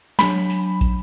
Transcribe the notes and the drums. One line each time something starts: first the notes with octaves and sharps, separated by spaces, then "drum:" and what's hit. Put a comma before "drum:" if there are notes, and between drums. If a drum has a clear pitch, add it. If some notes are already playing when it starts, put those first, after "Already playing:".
F#3 D4 G#5 B5, drum: snare
drum: open hi-hat
drum: kick, hi-hat